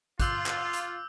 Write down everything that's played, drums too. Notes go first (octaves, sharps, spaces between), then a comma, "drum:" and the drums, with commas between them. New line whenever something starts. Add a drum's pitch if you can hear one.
F4 C6 D6 E6 F#6 G6 F#7, drum: kick, hi-hat
drum: clap
drum: hi-hat